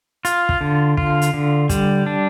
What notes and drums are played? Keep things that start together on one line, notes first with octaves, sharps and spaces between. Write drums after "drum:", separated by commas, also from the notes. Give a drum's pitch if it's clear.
F4, drum: hi-hat
drum: kick
D3
F4, drum: kick
drum: hi-hat
D3
G3, drum: kick, hi-hat
D4